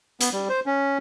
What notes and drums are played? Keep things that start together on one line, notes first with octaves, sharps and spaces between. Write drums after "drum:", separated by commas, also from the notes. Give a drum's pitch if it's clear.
B3, drum: hi-hat
G3
C5
C#4